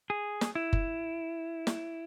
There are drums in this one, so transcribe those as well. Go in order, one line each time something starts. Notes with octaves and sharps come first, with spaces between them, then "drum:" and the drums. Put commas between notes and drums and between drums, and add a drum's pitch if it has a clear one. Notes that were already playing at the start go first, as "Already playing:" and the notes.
G#4
drum: snare
E4
drum: kick F#1
drum: snare